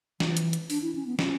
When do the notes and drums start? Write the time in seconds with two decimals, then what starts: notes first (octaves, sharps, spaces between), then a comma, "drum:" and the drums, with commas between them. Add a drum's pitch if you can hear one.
0.20 E3, drum: snare
0.37 drum: hi-hat
0.53 drum: hi-hat
0.70 D4, drum: open hi-hat
0.82 E4
0.95 C#4
1.06 B3
1.19 C#4, drum: snare